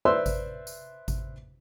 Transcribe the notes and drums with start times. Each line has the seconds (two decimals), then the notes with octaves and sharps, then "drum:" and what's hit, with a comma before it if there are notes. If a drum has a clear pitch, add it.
0.05 B4 C5 D5 E5 C6 E6
0.26 drum: kick G#1, tambourine
0.67 drum: tambourine
1.08 drum: kick G#1, tambourine